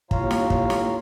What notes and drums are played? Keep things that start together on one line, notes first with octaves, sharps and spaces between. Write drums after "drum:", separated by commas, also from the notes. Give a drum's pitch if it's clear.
D#2 A2 F4 C#5 F5 A#5, drum: kick
drum: snare
drum: kick
drum: snare